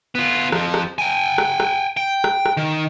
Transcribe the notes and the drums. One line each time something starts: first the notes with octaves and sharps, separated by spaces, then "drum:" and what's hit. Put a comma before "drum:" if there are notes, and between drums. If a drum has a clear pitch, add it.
B3 F4
F2 F3, drum: rim click
drum: rim click
G5 G#5
drum: rim click
drum: rim click
G5
drum: rim click
drum: rim click
D#3